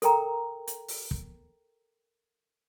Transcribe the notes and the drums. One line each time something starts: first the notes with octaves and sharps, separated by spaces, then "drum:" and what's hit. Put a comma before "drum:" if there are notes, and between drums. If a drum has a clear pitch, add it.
A4 A#4 G5 A#5, drum: hi-hat
drum: hi-hat
drum: open hi-hat
drum: kick